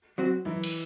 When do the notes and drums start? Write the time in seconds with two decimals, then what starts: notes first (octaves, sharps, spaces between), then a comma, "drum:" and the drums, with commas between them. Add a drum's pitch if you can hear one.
0.18 F#3 C4 F#4
0.45 F#2 E3 E4
0.64 drum: cymbal